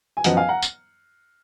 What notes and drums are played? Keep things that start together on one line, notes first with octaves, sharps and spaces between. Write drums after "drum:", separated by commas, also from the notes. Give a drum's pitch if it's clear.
G#5
F#2 F3 B3 D#5 F#5, drum: hi-hat
F5 G#5
F#5 A#5
drum: tambourine